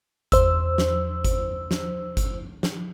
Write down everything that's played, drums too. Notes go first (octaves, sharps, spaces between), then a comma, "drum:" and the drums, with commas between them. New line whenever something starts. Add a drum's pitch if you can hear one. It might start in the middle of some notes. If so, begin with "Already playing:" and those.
E2 C5 E6, drum: kick G1, hi-hat
drum: snare
drum: kick G1, hi-hat
drum: snare
drum: kick G1, hi-hat
drum: snare